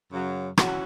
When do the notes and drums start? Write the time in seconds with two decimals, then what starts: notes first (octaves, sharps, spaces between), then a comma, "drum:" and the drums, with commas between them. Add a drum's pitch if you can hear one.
0.11 F#2 C#3 F#3
0.57 E3 C#4 F#4, drum: rim click